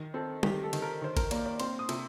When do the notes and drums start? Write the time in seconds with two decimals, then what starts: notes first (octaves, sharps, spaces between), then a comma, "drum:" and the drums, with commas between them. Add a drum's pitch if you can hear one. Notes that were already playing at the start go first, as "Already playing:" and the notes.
Already playing: D#3
0.14 C4 A4
0.43 D#3 G4, drum: tom
0.63 A4
0.73 D#3, drum: cymbal
0.82 A#4
1.02 D#3 C5
1.17 A#4, drum: kick G#1, cymbal
1.31 A#3 D5, drum: cymbal
1.46 D5
1.60 C4 C6, drum: cymbal
1.79 D#6
1.89 C3, drum: cymbal